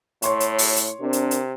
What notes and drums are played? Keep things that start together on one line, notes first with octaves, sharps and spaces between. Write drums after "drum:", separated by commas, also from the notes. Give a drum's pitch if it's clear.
A2 C#5 C6 C#6, drum: hi-hat
drum: hi-hat
drum: open hi-hat
drum: hi-hat
C3 C4 D4 A#4
drum: hi-hat
drum: hi-hat